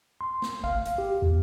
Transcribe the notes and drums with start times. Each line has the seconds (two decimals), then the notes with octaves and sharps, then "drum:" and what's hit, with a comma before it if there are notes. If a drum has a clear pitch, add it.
0.21 C6
0.42 drum: snare
0.64 F5, drum: kick
0.85 drum: hi-hat
0.98 G4
1.22 E2